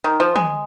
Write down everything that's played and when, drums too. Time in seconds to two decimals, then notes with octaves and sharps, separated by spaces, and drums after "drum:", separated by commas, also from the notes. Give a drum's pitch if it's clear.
0.04 D#3
0.20 F3
0.36 G#3, drum: tom